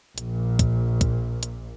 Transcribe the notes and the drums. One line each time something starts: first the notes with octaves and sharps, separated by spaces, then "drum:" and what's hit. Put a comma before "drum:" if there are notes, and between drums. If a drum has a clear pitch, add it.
A#1 A#2, drum: hi-hat
drum: kick, hi-hat
drum: kick, hi-hat
drum: hi-hat